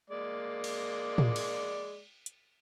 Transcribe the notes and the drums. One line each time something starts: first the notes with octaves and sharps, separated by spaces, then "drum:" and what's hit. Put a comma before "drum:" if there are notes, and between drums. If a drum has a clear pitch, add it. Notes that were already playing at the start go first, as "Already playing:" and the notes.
G#3 A#3 D5
drum: cymbal
drum: tom
drum: cymbal
drum: hi-hat